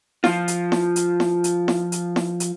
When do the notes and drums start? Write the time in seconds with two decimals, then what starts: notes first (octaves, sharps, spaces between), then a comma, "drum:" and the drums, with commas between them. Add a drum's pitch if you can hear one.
0.24 F3 F4, drum: snare E4
0.48 drum: hi-hat
0.72 drum: snare E4
0.96 drum: hi-hat
1.20 drum: snare E4
1.44 drum: hi-hat
1.68 drum: snare E4
1.92 drum: hi-hat
2.16 drum: snare E4
2.40 drum: hi-hat